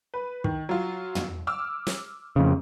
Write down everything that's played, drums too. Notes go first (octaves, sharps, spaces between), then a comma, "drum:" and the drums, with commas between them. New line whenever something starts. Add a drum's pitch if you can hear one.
B4
D#3, drum: kick
F#3 F4
drum: tom
D6 E6 F6
drum: snare
F2 C#3